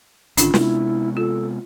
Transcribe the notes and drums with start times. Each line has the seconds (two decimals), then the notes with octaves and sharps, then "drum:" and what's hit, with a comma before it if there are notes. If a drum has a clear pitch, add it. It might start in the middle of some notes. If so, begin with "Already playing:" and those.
0.37 G#1 D3 D#3 C#4 D4 F4, drum: hi-hat
0.54 C3 G#3 B3 E4, drum: snare
1.17 F4 A4